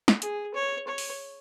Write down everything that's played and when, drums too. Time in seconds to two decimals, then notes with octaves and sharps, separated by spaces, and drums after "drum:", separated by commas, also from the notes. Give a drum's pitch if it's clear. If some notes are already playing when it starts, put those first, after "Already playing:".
0.08 drum: snare
0.22 G#4, drum: hi-hat
0.55 C#5
0.88 C#5
0.98 drum: open hi-hat